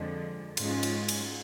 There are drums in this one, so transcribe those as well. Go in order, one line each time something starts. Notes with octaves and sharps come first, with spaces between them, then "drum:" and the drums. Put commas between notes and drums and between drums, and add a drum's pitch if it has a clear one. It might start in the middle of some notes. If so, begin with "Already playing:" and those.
Already playing: F2 D3 F3 G#3
G#2 G#3 C#4 F4, drum: cymbal
drum: cymbal
drum: cymbal